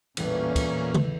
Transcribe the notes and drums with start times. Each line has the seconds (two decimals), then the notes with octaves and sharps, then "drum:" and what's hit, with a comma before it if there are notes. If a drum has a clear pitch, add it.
0.17 A1 E2 A#2 G3 A#3 C#4, drum: cymbal
0.56 drum: kick, cymbal
0.94 drum: tom C#3